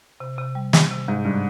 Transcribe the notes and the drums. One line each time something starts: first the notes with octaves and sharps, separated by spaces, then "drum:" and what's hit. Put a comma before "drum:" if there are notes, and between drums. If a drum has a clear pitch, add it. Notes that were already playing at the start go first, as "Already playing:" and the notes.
C3
C3
G3
G3, drum: snare
C3
G#2 C3
G2 C3